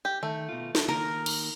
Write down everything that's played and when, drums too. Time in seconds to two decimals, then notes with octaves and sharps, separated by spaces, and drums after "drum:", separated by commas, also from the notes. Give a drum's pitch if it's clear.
0.05 G4
0.23 D#3 A3
0.49 B2 F4
0.75 A4, drum: snare
0.88 D#3 A#3 A#4
1.26 drum: cymbal